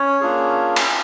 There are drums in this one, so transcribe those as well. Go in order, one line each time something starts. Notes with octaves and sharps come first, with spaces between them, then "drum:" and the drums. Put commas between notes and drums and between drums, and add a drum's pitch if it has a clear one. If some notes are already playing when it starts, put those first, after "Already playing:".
Already playing: C#4 C#5
A#3 D4 F4 G#4
drum: cymbal